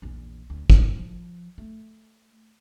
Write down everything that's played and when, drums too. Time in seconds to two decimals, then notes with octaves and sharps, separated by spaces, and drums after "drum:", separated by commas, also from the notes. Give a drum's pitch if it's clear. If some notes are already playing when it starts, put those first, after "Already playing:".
0.02 A#1 E2
0.50 D2
0.70 D#3 G3, drum: kick
0.97 F3
1.58 A3